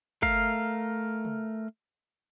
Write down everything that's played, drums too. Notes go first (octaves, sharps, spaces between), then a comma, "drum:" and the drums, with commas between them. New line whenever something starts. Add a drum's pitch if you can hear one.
A3 A#4 F5, drum: kick
drum: tom